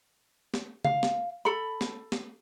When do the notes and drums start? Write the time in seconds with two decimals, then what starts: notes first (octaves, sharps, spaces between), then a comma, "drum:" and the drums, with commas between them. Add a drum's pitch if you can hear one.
0.54 drum: snare
0.85 F5, drum: tom C#3
1.03 drum: snare
1.45 A4 B5
1.81 drum: snare
2.12 drum: snare